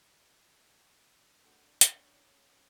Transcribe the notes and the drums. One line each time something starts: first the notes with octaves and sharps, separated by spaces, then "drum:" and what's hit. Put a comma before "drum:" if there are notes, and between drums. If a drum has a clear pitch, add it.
A3 D4 F#4 G5
C#4, drum: hi-hat